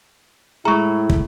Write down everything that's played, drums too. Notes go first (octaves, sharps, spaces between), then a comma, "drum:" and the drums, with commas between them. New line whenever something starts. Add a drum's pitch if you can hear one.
A2 G#3 E4 G#4 A#5 C#6
drum: kick